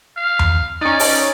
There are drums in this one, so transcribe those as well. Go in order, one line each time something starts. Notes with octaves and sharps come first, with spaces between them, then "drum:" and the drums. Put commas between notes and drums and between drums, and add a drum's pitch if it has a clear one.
F5
drum: tom E2
C#4 D#4 D5
drum: open hi-hat